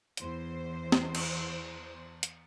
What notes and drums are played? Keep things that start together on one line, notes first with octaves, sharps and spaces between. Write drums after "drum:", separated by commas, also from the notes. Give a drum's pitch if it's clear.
E2 C5, drum: hi-hat
drum: snare
drum: cymbal
drum: hi-hat